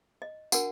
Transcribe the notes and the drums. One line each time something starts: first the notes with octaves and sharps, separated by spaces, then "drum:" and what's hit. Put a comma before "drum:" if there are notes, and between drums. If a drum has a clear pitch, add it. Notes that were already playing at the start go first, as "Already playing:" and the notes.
D#5
D4 F#4 A#4 F#5, drum: tambourine